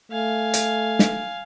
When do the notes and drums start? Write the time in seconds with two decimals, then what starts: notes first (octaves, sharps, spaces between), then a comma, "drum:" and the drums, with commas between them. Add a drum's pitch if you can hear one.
0.12 A3 F5 G#5
0.54 drum: hi-hat
0.99 drum: snare